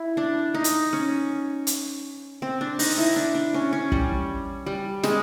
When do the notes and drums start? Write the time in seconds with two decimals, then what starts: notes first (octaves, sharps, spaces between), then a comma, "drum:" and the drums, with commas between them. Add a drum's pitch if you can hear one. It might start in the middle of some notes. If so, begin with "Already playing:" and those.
Already playing: E4
0.17 D4
0.54 D#4
0.64 drum: hi-hat
0.93 C#4
1.67 drum: hi-hat
2.42 C4
2.61 D4
2.79 D#4, drum: open hi-hat
2.98 E4
3.16 D4
3.35 D4
3.54 C#4
3.73 C#4
3.92 G3, drum: kick
4.66 G3
5.03 G#3, drum: snare